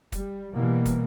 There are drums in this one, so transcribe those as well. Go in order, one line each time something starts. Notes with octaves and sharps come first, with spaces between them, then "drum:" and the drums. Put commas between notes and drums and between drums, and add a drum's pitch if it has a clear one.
G3, drum: kick, hi-hat
B2 E3 G3 A#3
drum: kick, hi-hat